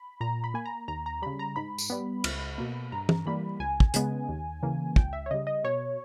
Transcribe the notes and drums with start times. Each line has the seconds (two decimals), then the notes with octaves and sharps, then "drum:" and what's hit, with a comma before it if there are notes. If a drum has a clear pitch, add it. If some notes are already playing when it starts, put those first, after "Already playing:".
Already playing: B5
0.21 A#2 A#5
0.44 B5
0.54 A#3 G#5
0.66 A#5
0.88 D#2 A#5
1.06 A#5
1.22 C#3 G3 B5
1.39 A#5
1.56 G#2 B5
1.78 drum: tambourine
1.90 G3 B3
2.24 C#2, drum: cymbal
2.58 B2 A#3
2.92 G2 A#5
3.09 drum: tom
3.26 E3 G3 A#3 B5
3.60 C#2 G#5
3.80 drum: kick
3.94 C#3 G#3 B3, drum: hi-hat
4.29 D#2
4.63 C#3 E3 A#3
4.96 C#2 G5, drum: kick
5.13 E5
5.26 C#5
5.31 C#3 G3 D#5
5.47 D#5
5.64 B2 C#5